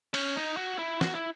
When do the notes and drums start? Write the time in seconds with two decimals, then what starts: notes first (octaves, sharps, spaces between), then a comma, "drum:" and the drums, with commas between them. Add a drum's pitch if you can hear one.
0.14 C#4, drum: cymbal
0.36 D#4
0.57 F#4
0.79 E4
1.01 F#4, drum: snare
1.15 E4